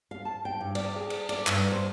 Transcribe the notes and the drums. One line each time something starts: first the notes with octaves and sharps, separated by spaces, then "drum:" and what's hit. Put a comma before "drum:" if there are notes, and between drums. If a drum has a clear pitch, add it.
F5
A5
G5
G2
D5, drum: cymbal
G#4
drum: cymbal
D5, drum: cymbal
G2, drum: clap
C5